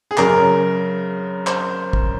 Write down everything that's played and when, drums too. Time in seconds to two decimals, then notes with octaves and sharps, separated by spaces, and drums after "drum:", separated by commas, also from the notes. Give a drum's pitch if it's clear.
0.11 G#4
0.17 F#2 C#3 A#4, drum: clap
1.47 C5, drum: clap
1.93 drum: kick